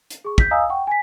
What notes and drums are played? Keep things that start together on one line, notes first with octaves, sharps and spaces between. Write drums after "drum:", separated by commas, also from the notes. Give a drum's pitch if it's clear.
drum: hi-hat
G#4 C#6
G6 B6, drum: kick
D#5 F5 G#5 A#5 D#6 E6
F#5 G5 C#6
G#5 B6